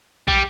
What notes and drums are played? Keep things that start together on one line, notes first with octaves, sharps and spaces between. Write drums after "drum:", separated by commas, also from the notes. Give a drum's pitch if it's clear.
G3, drum: kick